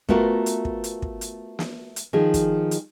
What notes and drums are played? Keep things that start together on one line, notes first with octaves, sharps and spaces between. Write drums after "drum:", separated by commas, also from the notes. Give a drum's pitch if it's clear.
A3 B3 F4 F#4 A#4, drum: kick
drum: hi-hat
drum: kick
drum: hi-hat
drum: kick
drum: hi-hat
drum: snare
drum: hi-hat
D#3 F3 G#4
drum: kick, hi-hat
drum: hi-hat